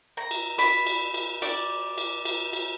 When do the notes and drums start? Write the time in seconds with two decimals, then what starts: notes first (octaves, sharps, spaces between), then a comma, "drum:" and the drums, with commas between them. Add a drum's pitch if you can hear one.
0.17 A#5
0.31 drum: cymbal
0.58 B5, drum: cymbal
0.86 drum: cymbal
1.14 drum: cymbal
1.42 D5, drum: cymbal
1.98 drum: cymbal
2.25 drum: cymbal
2.53 drum: cymbal